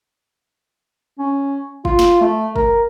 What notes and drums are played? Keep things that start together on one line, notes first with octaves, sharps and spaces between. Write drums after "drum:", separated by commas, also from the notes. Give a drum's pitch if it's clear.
C#4
F4, drum: kick
drum: snare
A3
A#4, drum: kick